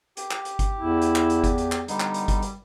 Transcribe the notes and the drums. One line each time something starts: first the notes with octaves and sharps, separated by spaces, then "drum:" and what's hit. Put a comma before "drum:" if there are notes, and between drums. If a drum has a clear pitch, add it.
G4, drum: hi-hat
drum: clap
drum: hi-hat
drum: kick G1, hi-hat
E2 E4
drum: hi-hat
drum: clap
drum: hi-hat
drum: kick G1, hi-hat
drum: hi-hat
drum: clap
D3 G3 B3 D#4, drum: hi-hat
drum: clap
drum: hi-hat
drum: kick G1, hi-hat
drum: hi-hat